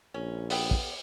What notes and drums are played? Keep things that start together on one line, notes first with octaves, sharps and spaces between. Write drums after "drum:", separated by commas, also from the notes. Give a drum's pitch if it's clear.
A#1 C#4
B3 E5 G5, drum: open hi-hat
drum: kick